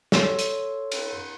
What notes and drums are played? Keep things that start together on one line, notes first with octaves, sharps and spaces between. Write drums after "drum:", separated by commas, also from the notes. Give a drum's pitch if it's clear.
A4 C#5 C6 E6, drum: snare
drum: hi-hat
drum: cymbal